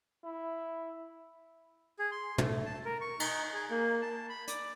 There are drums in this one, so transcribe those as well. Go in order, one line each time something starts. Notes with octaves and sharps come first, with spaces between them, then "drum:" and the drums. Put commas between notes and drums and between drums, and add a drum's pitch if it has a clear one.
E4
G#4
C6
A3, drum: tom
A5
A#4
C#6
D#4, drum: cymbal
G#4
A#3
A5
B5
D5, drum: hi-hat